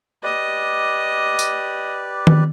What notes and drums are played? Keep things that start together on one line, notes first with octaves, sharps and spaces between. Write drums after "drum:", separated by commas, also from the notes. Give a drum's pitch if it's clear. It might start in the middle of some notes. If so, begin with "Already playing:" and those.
G4 B4 D5 D#5
drum: tambourine
drum: tom D#3